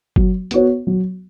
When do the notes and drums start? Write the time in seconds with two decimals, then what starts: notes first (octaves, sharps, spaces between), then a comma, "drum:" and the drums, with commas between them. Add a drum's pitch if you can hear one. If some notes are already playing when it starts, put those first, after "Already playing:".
0.16 F#3, drum: kick F#1
0.51 B3 F#4 C#5, drum: hi-hat
0.87 F#3